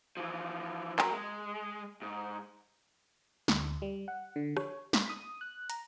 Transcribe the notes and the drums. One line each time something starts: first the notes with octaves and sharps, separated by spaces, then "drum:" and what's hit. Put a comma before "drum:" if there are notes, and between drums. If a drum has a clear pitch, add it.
E3 F3
F#3 A#4, drum: clap
G#3
G#2
D2, drum: snare
G3
F#5
D3
C#5, drum: rim click
B6, drum: snare
D#6
F#6
A#5, drum: hi-hat